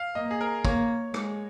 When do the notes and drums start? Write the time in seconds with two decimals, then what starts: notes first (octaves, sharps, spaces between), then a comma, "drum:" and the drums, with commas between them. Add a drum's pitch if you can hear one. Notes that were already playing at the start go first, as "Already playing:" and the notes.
Already playing: F5
0.15 A#3 D#5
0.31 G#4
0.41 A#4
0.65 A#3 C#5, drum: kick
1.14 G#3, drum: rim click